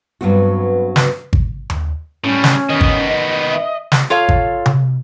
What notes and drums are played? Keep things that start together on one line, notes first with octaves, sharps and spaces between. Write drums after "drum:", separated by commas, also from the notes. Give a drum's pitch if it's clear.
G2 F#3 B3 C4 F#4
drum: snare
drum: kick G#1
drum: tom D#2
A2 G3 C#4
drum: snare
D#3 B3 D#5
drum: kick G#1
E5
drum: snare
F4 A4 C#5 F5
drum: kick G#1
drum: tom C3